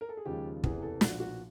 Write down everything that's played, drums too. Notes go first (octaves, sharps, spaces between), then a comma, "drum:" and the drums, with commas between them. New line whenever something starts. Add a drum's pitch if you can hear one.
A#4
A4
G#4
D#2 C#3 F3 G#3 G4
F#1 E2 C3 E3 G#4, drum: kick
A4
B1 A#2 F3 F#4, drum: snare
F#4